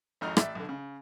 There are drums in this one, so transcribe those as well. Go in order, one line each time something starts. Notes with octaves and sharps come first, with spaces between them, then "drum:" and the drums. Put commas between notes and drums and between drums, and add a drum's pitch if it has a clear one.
G#1 F2 D#4 A#5 F6
A1 D5 E5, drum: rim click
B1 D3
C#3